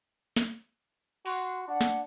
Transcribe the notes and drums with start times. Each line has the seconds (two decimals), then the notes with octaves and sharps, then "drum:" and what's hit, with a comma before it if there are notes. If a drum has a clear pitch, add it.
0.36 drum: snare
1.26 F#4 C6, drum: open hi-hat
1.68 D4 F#5
1.81 drum: snare